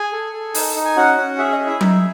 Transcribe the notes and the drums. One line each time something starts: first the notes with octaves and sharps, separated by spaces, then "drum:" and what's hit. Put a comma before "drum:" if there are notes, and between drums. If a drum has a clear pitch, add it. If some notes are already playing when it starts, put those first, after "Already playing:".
Already playing: G#4 G#5
A4
A4
D#4, drum: open hi-hat
D#4
G#5
C#4 F#4 F#5
C#4
G#4 E5
D#5
G#4
E4 E5
D#4, drum: tom F#3